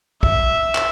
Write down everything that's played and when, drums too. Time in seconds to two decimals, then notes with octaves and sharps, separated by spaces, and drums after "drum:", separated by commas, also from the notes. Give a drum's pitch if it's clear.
0.23 E5, drum: kick
0.75 drum: clap